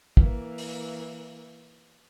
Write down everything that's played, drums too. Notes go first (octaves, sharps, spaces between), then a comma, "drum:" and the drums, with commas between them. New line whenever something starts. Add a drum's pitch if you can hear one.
E3 A#3, drum: kick
drum: open hi-hat